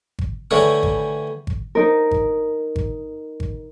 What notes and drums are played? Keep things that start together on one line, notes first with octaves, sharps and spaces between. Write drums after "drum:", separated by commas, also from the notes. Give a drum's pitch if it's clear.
drum: kick G#1
D3 E3 G3 A3 C#5
drum: kick G#1
drum: kick G#1
D#4 A#4
drum: kick G#1
drum: kick G#1
drum: kick G#1